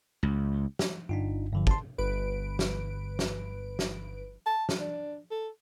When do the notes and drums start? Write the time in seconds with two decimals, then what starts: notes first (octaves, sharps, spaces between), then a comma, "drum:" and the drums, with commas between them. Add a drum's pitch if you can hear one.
0.23 C#2
0.79 drum: snare
1.09 G1 D4 D#4 F4
1.53 G2 D3 F3
1.67 A5 C6, drum: kick
1.98 G1 B4 D7
2.59 drum: snare
3.19 drum: snare
3.79 drum: snare
4.46 A5
4.69 drum: snare
4.80 D4
5.31 A4